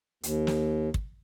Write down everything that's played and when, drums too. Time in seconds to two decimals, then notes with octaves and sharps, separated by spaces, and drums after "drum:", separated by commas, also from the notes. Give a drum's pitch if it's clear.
0.23 D#2, drum: hi-hat
0.47 drum: snare
0.94 drum: kick